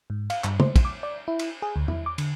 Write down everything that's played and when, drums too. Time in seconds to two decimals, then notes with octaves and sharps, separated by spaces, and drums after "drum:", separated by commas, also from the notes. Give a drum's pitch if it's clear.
0.10 G#2
0.30 F5, drum: cymbal
0.44 G2, drum: clap
0.60 C5, drum: tom
0.76 drum: kick, cymbal
0.85 D6
1.03 D5
1.28 E4
1.39 drum: cymbal
1.62 G#4
1.76 D2
1.88 E4, drum: tom E2
2.06 D6
2.18 D3, drum: cymbal